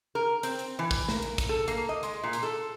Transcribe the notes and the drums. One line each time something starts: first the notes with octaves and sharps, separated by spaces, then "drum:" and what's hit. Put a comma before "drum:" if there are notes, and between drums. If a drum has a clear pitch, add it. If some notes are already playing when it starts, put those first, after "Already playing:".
A#4
C4, drum: hi-hat
drum: hi-hat
E3
drum: kick, open hi-hat
A#4, drum: snare
drum: hi-hat
drum: kick, hi-hat
A4
A#3, drum: hi-hat
D#5
G#3, drum: hi-hat
A#2
drum: hi-hat
A4